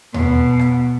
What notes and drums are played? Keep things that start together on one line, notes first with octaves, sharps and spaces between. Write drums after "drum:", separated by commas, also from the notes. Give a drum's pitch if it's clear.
B2, drum: tom D#2
drum: rim click